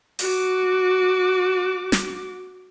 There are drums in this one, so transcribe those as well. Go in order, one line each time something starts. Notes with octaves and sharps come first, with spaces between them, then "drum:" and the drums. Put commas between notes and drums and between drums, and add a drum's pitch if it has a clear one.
F#4 D6, drum: open hi-hat
drum: snare